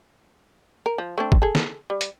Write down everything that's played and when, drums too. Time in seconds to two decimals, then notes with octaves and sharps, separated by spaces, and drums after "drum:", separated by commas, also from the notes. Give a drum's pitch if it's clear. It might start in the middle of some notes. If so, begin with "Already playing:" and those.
0.86 A#4
0.98 F3
1.18 A3 C4 D4
1.32 drum: kick
1.42 G#4 A4
1.55 drum: snare
1.90 G3
2.01 drum: hi-hat